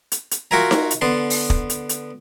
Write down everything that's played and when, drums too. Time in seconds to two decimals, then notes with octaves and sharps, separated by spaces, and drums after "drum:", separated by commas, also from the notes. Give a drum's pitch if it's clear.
0.12 drum: hi-hat
0.31 drum: hi-hat
0.51 F4 F#4 A#4 E5 G#5 A#5
0.71 drum: snare D#4
0.91 drum: hi-hat
1.01 D3 B3 A5 C6
1.30 drum: open hi-hat
1.50 drum: kick
1.70 drum: hi-hat
1.89 drum: hi-hat